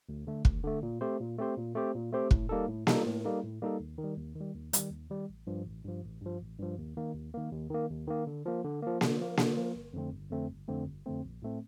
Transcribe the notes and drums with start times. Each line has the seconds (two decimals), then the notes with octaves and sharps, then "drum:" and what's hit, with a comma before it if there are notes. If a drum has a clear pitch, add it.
0.09 D2
0.27 D3 A3
0.45 D2, drum: kick
0.64 D3 A3
0.83 A#2
1.01 A3 C4 G4 C5
1.20 A#2
1.38 A3 C4 G4 C5
1.57 A#2
1.75 A3 C4 G4 C5
1.95 A#2
2.12 A3 C4 G4 C5
2.31 A2, drum: kick
2.49 G3 A#3 D#4 A4
2.68 A2
2.87 G3 A#3 D#4 A4, drum: snare A#3
3.06 A2
3.24 G3 A#3 D#4 A4
3.43 A2
3.62 G3 A#3 D#4 A4
3.80 D#2
3.98 D#3
4.04 G3
4.17 D#2
4.35 D#3
4.41 G3
4.55 D#2
4.73 D#3 G3, drum: hi-hat
4.91 D#2
5.10 D#3 G3
5.29 A1
5.47 G2 F3
5.66 A1
5.85 G2 F3
6.03 A1
6.21 G2 F3
6.41 A1
6.59 G2 F3
6.78 D#2
6.97 D#3 A#3
7.14 D#2
7.34 D#3 A#3
7.51 D#2
7.70 D#3 A#3
7.90 D#2
8.07 D#3 A#3
8.27 D3
8.46 F3 A#3
8.64 D3
8.82 F3 A#3
9.01 D3, drum: snare A#3
9.19 F3 A#3
9.37 D3, drum: snare A#3
9.56 F3 A#3
9.76 G1
9.93 F2 D3 A3 C4
10.13 G1
10.30 F2 D3 A3 C4
10.50 G1
10.68 F2 D3 A3 C4
10.87 G1
11.06 F2 D3 A3 C4
11.24 A#1
11.42 A2 A3 C4